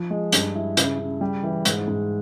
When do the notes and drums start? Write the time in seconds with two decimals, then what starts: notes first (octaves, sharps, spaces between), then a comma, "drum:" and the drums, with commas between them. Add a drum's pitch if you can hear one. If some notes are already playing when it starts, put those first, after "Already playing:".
Already playing: F3
0.10 G#3
0.32 G2, drum: hi-hat
0.55 E4
0.77 C#3, drum: hi-hat
0.99 C#3
1.21 G3
1.43 E3
1.65 G#2, drum: hi-hat
1.87 G#2